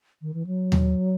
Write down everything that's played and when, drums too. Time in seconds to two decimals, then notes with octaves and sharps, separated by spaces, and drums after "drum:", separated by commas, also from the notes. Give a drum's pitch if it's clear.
0.22 D#3
0.34 E3
0.47 F#3
0.72 drum: tom D#2